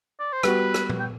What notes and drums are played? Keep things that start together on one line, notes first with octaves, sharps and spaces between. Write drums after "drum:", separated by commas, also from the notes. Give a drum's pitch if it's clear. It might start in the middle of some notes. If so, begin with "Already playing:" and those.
D5
C5
G3 B3 F#4 B4, drum: rim click
drum: rim click
drum: tom A#2
G5